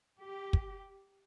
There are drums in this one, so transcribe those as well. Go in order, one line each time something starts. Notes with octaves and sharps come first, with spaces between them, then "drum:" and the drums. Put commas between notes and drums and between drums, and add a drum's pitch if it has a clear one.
G4
drum: kick